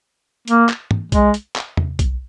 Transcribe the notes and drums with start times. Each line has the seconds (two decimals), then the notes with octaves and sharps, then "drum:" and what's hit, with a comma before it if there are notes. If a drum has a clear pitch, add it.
0.48 A#3, drum: hi-hat
0.69 drum: clap
0.91 drum: tom
1.12 G#3, drum: kick, hi-hat
1.34 drum: hi-hat
1.56 drum: clap
1.77 drum: tom E2
1.99 drum: kick, hi-hat